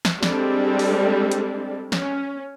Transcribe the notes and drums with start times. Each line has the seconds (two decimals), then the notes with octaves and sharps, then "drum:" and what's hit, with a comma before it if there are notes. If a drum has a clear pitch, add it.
0.05 drum: snare
0.23 G3 G#3 C4 D4 A4, drum: snare
0.79 drum: open hi-hat
1.32 drum: hi-hat
1.92 C#4, drum: snare